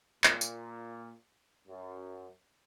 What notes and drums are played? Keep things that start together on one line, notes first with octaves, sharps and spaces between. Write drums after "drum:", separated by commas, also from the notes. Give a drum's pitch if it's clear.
A#2, drum: clap
drum: tambourine
F#2